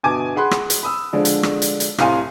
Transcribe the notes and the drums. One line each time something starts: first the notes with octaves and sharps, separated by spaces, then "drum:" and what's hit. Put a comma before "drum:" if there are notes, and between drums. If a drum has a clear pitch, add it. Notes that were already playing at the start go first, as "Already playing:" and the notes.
G1 B2 G#5 A5 D6 G#6
G#4 F#5 B5 C6 F#6
drum: rim click
drum: hi-hat
B5 D#6 E6
D3 F3 G#3 D4
drum: hi-hat
drum: rim click
drum: hi-hat
drum: hi-hat
C2 A2 C3 F5 G#5 C6, drum: rim click